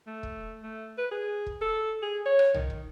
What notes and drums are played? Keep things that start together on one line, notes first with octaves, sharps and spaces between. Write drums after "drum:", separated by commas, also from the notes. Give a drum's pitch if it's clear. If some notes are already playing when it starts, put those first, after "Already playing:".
A3
drum: kick
A3
B4
G#4
drum: kick
A4
G#4
C#5
drum: rim click
D#3, drum: tom
drum: kick